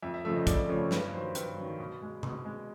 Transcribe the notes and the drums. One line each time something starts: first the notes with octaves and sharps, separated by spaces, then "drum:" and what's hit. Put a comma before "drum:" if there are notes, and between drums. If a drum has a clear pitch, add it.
F2 E5
E5
C#3 F3 A3 E5
D#5
F2 D5, drum: kick, hi-hat
C#3 F3 A3 C#5
G2 B4, drum: snare
D#3 F#3 C5
G2 B4, drum: hi-hat
D#3 F#3
B2
G#3
B2, drum: tom C3
G#3